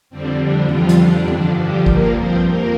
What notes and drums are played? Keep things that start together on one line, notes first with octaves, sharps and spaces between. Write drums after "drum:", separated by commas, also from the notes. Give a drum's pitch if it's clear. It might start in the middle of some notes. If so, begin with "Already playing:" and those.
F2 D3 G3 C4
D4
F2 D3 F3 G3 F4, drum: tom E3
drum: hi-hat
D4
G2 D3 F3 D4, drum: tom E3
G3 G4
G2 F3 A#3 A#4, drum: kick
C4 C5
F2 A#3 A#4